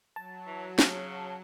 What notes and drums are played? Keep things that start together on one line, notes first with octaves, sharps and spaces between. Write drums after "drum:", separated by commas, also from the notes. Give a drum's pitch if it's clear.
F#3 A5
E3
C#3, drum: snare